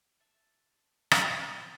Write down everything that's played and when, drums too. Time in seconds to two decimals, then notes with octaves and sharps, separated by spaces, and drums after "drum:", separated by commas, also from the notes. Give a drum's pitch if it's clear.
0.20 E5 A5
1.11 drum: rim click